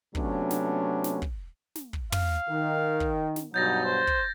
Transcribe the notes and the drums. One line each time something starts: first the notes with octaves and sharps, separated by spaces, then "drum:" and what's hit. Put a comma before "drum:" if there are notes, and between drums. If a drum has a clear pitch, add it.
C3 F#3 A3 B3 C#4 D4, drum: kick
drum: snare
drum: snare
drum: kick
drum: snare
drum: kick
F5, drum: tom
D#3
drum: kick
drum: snare
G2 B2 F#3 D#4 G6 A6 A#6
C5
drum: kick